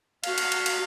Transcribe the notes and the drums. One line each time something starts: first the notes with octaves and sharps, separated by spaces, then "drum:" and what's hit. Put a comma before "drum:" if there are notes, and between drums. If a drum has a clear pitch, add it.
F#4 F5, drum: cymbal
drum: cymbal
drum: cymbal
drum: cymbal